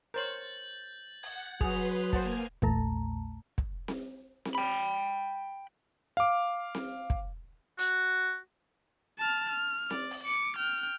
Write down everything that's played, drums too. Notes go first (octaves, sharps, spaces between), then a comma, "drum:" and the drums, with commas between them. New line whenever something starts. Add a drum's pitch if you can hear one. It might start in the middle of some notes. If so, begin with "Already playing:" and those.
A#4 C5 C#5 G6 A6 F#7
F#5 G#6, drum: open hi-hat
F#3 F#4 G#4 B4 C6 D#6 F7, drum: kick
A#3 C5 F#5 G#5 A5, drum: kick
A#1 E2 A#2 A3 A5 A#5, drum: kick
drum: kick
drum: snare C4
drum: snare C4
G5 B5
F5 D6
drum: snare C4
drum: kick
F#4, drum: hi-hat
A5 F6
F6
D5, drum: snare C4
drum: open hi-hat
D6 C#7
G5 F6